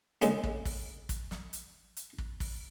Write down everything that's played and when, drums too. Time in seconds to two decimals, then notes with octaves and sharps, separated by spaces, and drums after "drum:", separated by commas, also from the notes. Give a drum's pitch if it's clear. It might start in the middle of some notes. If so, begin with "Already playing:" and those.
0.22 A2 C#3 G#3 A#3, drum: hi-hat
0.43 drum: kick
0.65 drum: kick, open hi-hat
1.09 drum: kick, hi-hat
1.31 drum: snare
1.53 drum: hi-hat
1.97 drum: hi-hat
2.18 drum: kick
2.40 drum: kick, open hi-hat